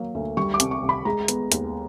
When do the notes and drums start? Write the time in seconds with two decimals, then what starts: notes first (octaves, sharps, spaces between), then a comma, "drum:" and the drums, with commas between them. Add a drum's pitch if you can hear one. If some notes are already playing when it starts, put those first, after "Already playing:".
Already playing: F#3 A#3
0.15 D2
0.37 G3 C#6
0.54 D6
0.60 C2, drum: hi-hat
0.71 C#6
0.83 C2
0.89 B5
1.05 G#3 A#5
1.28 B3, drum: hi-hat
1.52 D#2, drum: hi-hat